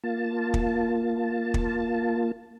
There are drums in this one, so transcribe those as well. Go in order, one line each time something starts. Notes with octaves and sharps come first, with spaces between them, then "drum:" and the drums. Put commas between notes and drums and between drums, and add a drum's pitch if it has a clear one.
A#3 F4 A5
drum: kick
drum: kick